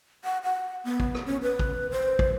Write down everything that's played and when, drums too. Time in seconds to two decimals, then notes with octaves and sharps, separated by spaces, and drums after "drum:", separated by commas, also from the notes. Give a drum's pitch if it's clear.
0.24 F#5
0.44 F#5
0.85 B3
1.00 drum: kick
1.15 drum: rim click
1.26 C#4
1.42 B4
1.59 drum: kick
1.91 C5
2.19 drum: kick